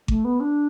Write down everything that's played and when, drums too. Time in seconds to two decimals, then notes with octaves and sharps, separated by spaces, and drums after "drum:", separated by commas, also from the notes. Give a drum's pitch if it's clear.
0.08 A3, drum: kick G#1
0.25 B3
0.40 D4